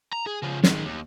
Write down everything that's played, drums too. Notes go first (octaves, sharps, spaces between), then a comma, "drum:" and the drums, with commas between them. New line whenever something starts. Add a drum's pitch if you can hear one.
A#5
G#4
C#3 F3
D#3 G#3, drum: snare
D#2